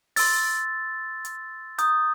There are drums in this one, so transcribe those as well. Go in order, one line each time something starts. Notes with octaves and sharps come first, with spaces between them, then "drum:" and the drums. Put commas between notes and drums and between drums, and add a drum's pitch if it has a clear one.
C6 E6 A6, drum: open hi-hat
drum: hi-hat
A#5 D#6 G6, drum: hi-hat